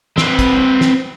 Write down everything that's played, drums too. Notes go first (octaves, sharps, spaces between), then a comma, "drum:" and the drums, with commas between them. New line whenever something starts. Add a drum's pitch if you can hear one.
C4 B4, drum: snare
drum: kick, hi-hat
drum: snare